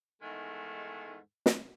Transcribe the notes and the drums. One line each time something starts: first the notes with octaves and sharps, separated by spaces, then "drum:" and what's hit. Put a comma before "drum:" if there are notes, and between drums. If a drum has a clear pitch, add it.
E2 G#2 D#3 G#3 A3
drum: snare